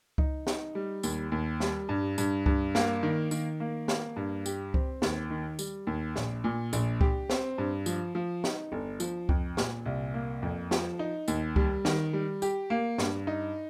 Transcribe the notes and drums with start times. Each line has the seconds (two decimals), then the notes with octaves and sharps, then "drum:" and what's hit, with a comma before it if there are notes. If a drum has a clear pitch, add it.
0.18 D#4, drum: kick C#2
0.47 D#4, drum: snare
0.75 G3
1.03 D#2, drum: tambourine
1.32 D#2
1.60 G3, drum: snare
1.89 G2
2.18 G2, drum: tambourine
2.46 G2, drum: kick C#2
2.75 A#3, drum: snare
3.03 D#3
3.31 D#3, drum: tambourine
3.60 A#3
3.88 A#3, drum: snare
4.16 G2
4.46 G4, drum: tambourine
4.74 C4, drum: kick C#2
5.02 D#2, drum: snare
5.30 D#3
5.59 G3, drum: tambourine
5.87 D#2
6.16 A#1, drum: snare
6.44 A#2
6.73 A#1, drum: tambourine
7.01 G4, drum: kick C#2
7.30 C4, drum: snare
7.58 G2
7.86 F3, drum: tambourine
8.15 F3
8.44 D#4, drum: snare
8.72 G1
9.00 F3, drum: tambourine
9.29 F2, drum: kick C#2
9.57 A#2, drum: snare
9.86 C2
10.14 A#3
10.42 F2
10.71 F3, drum: snare
10.99 D#4
11.28 D#2, drum: tambourine
11.56 G3, drum: kick C#2
11.85 D#3, drum: snare
12.13 G3
12.42 G4, drum: tambourine
12.70 A#3
12.98 G2, drum: snare
13.27 D#4